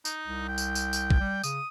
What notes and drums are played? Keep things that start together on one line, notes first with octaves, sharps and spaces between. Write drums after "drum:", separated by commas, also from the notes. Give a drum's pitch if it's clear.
D#4, drum: tambourine
C2
G5
drum: tambourine
drum: tambourine
drum: tambourine
drum: kick
G3
C#3 D#6, drum: tambourine